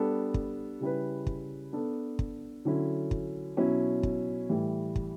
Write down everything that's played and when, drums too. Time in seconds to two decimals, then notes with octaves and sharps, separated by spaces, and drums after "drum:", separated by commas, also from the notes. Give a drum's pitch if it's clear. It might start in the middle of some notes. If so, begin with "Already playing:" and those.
Already playing: G3 B3 D4 A4
0.34 drum: kick
0.80 C#3 G3 C#4 E4 B4
1.27 drum: kick
1.73 B3 D4 A4
2.19 drum: kick
2.65 D3 F#3 C#4 E4
3.11 drum: kick
3.57 B2 F#3 C#4 E4
4.03 drum: kick
4.49 A2 E3 G3
4.96 drum: kick